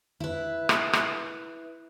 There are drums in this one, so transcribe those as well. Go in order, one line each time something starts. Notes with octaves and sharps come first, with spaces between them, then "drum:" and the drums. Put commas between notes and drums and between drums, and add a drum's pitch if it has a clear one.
E4 B4
drum: rim click
drum: rim click